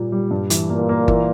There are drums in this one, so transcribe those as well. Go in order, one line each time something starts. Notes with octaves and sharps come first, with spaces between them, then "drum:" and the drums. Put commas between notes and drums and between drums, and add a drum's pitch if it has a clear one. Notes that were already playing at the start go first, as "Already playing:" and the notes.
Already playing: A#2 G3 A#3
G3
G2
E3, drum: hi-hat
A#2 A#3
A#3
E3, drum: kick G1